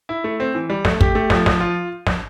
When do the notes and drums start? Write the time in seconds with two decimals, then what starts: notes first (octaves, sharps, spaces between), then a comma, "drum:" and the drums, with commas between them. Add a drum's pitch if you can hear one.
0.09 E4
0.24 A3
0.40 C4
0.55 E3
0.70 G3
0.85 A3, drum: snare
1.01 G4, drum: kick
1.15 A3
1.30 F3, drum: snare
1.46 F3, drum: snare
1.60 F4
2.07 drum: snare